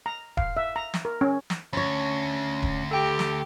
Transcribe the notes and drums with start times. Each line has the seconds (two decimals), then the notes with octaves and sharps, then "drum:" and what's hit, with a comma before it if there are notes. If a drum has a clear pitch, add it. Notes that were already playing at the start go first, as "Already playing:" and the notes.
0.06 A#5
0.37 F5, drum: kick D#1
0.57 E5
0.76 A#5
0.94 drum: snare
1.05 A#4
1.21 C#4
1.50 drum: snare
1.73 D2 C#4 C#5
2.63 drum: kick D#1
2.91 G4 A4 G5
3.19 drum: snare